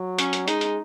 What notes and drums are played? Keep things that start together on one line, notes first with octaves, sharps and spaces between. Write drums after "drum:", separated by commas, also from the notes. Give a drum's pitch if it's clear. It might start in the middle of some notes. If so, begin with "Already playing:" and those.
Already playing: F#3
C#4, drum: hi-hat
drum: hi-hat
G#3 D#4, drum: hi-hat
drum: hi-hat